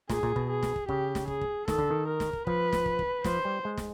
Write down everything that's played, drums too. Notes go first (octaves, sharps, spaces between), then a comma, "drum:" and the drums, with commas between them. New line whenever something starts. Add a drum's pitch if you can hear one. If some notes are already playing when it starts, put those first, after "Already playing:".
A#2 G#4, drum: snare
A#2, drum: kick
B2, drum: kick
G#4
drum: snare
drum: kick
C#3 G4, drum: kick
drum: snare
G#4, drum: kick
drum: kick
D#3 A4, drum: snare
D3, drum: kick
D#3
A#4
drum: snare
drum: kick
F3 B4, drum: kick
drum: snare
drum: kick
drum: kick
F3 C5, drum: snare
G3
G#3
drum: snare